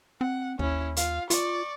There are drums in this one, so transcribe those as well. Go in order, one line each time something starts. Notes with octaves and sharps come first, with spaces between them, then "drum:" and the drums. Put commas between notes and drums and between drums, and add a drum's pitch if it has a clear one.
C4 F#5
D#2 C#4 E4, drum: kick
F4 F5, drum: hi-hat
F4 D5 C#6, drum: hi-hat